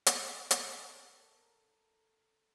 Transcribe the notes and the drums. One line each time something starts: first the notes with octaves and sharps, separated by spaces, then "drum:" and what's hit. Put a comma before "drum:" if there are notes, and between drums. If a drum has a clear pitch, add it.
drum: hi-hat
A4 A#4, drum: hi-hat